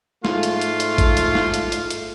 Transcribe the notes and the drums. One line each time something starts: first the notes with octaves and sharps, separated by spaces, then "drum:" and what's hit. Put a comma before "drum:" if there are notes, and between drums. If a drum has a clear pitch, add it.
G#2 A3 F4, drum: snare
drum: hi-hat
drum: hi-hat
drum: hi-hat
drum: kick, hi-hat
drum: hi-hat
drum: snare
drum: hi-hat
drum: hi-hat
drum: hi-hat